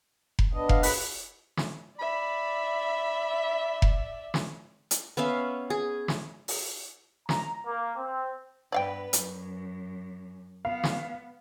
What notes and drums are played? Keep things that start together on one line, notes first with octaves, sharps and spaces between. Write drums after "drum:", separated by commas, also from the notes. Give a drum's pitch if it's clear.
drum: kick F1
B3 D4 D#5
F5, drum: kick F1
B4, drum: open hi-hat
drum: snare
D5 E5 B5
drum: kick F1
drum: snare
drum: hi-hat
B3 C#4 E5 F5
G#4
drum: snare
drum: open hi-hat
A#5, drum: snare
A#3
C4
G2 B3 B4 D5 F5 G5
F#2, drum: hi-hat
B3 F5
drum: snare